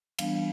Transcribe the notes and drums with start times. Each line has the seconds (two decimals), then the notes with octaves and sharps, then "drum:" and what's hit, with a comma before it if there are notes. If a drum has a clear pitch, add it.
0.19 E3 G3 B3 D4 F5, drum: cymbal